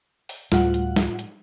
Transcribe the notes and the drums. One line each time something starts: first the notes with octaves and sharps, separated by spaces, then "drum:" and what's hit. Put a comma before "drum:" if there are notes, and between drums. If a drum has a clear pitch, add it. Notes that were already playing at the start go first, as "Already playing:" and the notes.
drum: open hi-hat
D2 A2 G3 F4 F#5, drum: snare
drum: hi-hat
drum: snare
drum: hi-hat